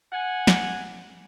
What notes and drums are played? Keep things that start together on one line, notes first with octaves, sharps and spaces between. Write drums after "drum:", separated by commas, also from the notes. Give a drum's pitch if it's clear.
F#5 G#5
drum: snare